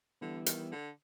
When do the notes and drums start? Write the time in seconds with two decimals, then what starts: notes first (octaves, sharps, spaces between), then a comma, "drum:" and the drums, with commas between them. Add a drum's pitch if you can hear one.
0.21 D3 E3 G3 B3 E4
0.46 D#3, drum: hi-hat
0.72 D3